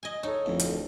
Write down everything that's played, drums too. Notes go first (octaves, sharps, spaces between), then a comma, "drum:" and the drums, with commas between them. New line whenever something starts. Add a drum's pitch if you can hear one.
D#5 G#5
D#4 A4 C#5
D1 F2
drum: hi-hat